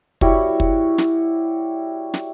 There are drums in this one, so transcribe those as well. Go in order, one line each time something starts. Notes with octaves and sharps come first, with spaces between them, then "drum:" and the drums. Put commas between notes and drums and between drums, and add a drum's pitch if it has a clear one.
G3 E4 F#4 C#5, drum: kick
drum: kick
drum: snare
drum: snare